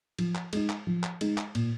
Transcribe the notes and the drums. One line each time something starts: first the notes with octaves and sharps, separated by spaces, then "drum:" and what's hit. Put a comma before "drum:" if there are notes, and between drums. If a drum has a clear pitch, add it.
F3, drum: cymbal
drum: clap
G#3 D#4, drum: cymbal
drum: clap
F3
drum: clap
G#3 D#4, drum: cymbal
drum: clap
A#2, drum: cymbal